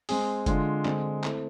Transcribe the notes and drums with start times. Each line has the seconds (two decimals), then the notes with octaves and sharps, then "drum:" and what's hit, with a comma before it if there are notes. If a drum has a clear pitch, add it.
0.09 G#3 C4 G#4, drum: open hi-hat
0.46 D3 G#3 D4 F4, drum: kick F#1, hi-hat
0.85 D3 G#3 C4, drum: clap
1.24 A3 C4 E4 A4, drum: clap